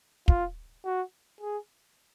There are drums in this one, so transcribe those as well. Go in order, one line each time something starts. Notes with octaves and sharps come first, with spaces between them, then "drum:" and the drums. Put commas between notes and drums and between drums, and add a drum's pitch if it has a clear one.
F4, drum: kick
F#4
G#4